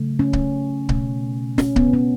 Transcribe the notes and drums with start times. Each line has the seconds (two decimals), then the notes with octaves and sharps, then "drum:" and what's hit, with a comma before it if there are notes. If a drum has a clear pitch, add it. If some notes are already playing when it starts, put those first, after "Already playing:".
Already playing: C#3 F#3 A3
0.19 C#4
0.33 drum: kick C#1
0.89 B2 A3, drum: kick C#1
1.58 C#4, drum: snare
1.76 B3, drum: kick C#1
1.93 C#4